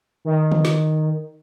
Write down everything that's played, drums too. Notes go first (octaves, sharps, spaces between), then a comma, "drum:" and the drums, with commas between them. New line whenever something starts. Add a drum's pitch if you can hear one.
D#3
drum: tom C#3
drum: snare